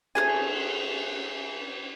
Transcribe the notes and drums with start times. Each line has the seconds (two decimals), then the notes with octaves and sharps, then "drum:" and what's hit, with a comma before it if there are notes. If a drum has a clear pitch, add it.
0.15 A3 D4 G#4 G#5, drum: cymbal